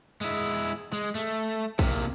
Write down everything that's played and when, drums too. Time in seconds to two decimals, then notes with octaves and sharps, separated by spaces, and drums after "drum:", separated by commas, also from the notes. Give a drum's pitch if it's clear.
0.21 G#3 E4
0.93 G#3
1.15 A3
1.31 drum: hi-hat
1.79 C3 A#3, drum: kick